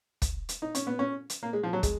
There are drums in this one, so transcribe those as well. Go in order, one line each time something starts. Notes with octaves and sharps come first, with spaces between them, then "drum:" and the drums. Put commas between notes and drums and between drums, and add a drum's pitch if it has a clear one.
drum: kick, hi-hat
drum: hi-hat
D#4
C#4, drum: hi-hat
B3
C#4
drum: hi-hat
A#3
G#3
F3
F#3
G#3, drum: kick, hi-hat